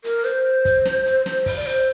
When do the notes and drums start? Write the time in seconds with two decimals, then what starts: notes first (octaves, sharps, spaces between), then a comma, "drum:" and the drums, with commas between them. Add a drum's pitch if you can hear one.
0.04 A#4, drum: hi-hat
0.24 C5, drum: hi-hat
0.65 drum: kick, hi-hat
0.85 drum: snare
1.06 drum: hi-hat
1.26 C5, drum: snare
1.46 drum: kick, open hi-hat
1.56 D5
1.66 C5, drum: hi-hat